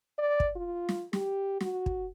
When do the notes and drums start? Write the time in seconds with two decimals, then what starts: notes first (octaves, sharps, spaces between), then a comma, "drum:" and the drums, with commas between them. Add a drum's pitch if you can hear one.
0.19 D5
0.40 drum: kick
0.56 F4
0.89 drum: snare
1.13 G4, drum: snare
1.60 F#4, drum: snare
1.86 drum: kick